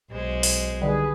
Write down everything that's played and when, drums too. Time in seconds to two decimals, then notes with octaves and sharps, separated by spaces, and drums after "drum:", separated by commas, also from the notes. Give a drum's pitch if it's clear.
0.11 B1 G#3 C5
0.43 drum: open hi-hat
0.82 D3 D#3 G3 G#4 B4